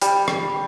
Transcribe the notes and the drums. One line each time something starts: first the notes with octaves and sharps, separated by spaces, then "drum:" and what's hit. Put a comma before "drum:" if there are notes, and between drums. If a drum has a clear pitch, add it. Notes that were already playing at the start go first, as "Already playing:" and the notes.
G3, drum: hi-hat
drum: rim click